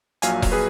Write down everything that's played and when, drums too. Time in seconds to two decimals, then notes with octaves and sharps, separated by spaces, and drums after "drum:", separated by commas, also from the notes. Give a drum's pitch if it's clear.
0.22 A#1 A#2 F#3 F5 G#5, drum: hi-hat
0.42 drum: kick E1, open hi-hat
0.52 G#4 B4